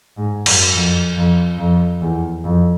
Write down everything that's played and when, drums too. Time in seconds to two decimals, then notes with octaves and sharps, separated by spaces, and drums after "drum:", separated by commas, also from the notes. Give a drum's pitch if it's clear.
0.17 G#2
0.46 F#2, drum: cymbal
0.74 F2
1.17 F2
1.58 F2
2.01 E2
2.44 F2